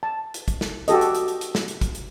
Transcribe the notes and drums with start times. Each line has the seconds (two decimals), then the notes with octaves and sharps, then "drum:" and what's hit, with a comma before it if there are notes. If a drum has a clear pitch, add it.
0.03 A5
0.34 drum: hi-hat
0.48 drum: kick, hi-hat
0.61 drum: snare
0.88 F#4 G4 A4 D#5, drum: hi-hat
1.01 drum: hi-hat
1.15 drum: hi-hat
1.28 drum: hi-hat
1.41 drum: hi-hat
1.55 drum: snare
1.68 drum: hi-hat
1.81 drum: kick, hi-hat
1.95 drum: hi-hat